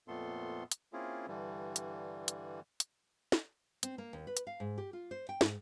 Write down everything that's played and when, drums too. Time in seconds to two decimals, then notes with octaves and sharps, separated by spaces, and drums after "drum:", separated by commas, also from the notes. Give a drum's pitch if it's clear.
0.08 F2 A#2 A3 B3 A4 C6
0.72 drum: hi-hat
0.93 A#3 C4 C#4 E4 F4 G#4
1.28 G2 D3 E3 G3
1.76 drum: hi-hat
2.28 drum: hi-hat
2.80 drum: hi-hat
3.32 drum: snare
3.83 C4, drum: hi-hat
3.98 A#3
4.13 D#2
4.27 B4
4.37 drum: hi-hat
4.47 F5
4.60 G#2
4.78 G4
4.93 F4
5.11 C5
5.29 G5
5.41 G#2, drum: snare